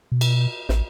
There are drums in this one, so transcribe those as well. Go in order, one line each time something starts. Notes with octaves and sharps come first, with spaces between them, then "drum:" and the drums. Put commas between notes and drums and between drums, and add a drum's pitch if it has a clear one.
B2
drum: cymbal
A1, drum: snare